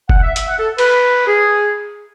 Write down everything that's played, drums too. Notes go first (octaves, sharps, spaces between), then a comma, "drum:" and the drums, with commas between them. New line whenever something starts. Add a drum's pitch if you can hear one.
F#5, drum: kick F1
E5
E5, drum: hi-hat
F#5
A4
B4, drum: cymbal
G#4